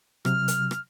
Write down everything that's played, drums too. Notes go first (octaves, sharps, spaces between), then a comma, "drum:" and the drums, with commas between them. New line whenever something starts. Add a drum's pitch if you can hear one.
C3 F#3 F6, drum: rim click
drum: hi-hat
drum: rim click